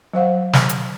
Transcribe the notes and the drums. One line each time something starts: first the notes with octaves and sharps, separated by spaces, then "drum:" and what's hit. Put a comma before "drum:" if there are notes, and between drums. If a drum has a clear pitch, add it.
F#3 C5 F5 F#5
drum: snare
drum: hi-hat